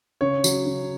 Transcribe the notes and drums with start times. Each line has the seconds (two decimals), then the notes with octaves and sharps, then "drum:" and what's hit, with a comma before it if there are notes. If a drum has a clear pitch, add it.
0.21 C#3 C#5
0.44 F#3, drum: tambourine
0.66 C#3